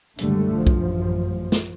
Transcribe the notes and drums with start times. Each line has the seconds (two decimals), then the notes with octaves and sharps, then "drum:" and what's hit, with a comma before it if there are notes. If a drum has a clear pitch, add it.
0.18 C#2 F#2 D3 G3 A3, drum: hi-hat
0.55 A1 F#2 F3
0.67 drum: kick B1
1.52 drum: snare